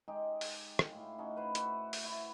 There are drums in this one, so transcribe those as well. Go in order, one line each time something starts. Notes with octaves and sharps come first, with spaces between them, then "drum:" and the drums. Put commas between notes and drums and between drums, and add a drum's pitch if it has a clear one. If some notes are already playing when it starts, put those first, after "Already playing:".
G#3 D#4 G4
drum: open hi-hat
drum: rim click
A2 F4
C#4 D#4 F#4
B4 C5 F5
F#4 E5, drum: hi-hat
drum: open hi-hat
E4